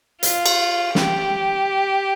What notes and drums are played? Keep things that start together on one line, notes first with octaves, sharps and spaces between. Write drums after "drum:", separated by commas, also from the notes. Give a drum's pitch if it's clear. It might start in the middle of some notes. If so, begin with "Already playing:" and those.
F4, drum: hi-hat
drum: cymbal
G4, drum: snare